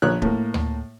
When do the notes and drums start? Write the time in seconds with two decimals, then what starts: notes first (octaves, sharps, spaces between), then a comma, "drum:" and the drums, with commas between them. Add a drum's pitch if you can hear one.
0.02 A#1 C#5 F#6
0.22 A2 A#3, drum: kick
0.54 drum: tom D2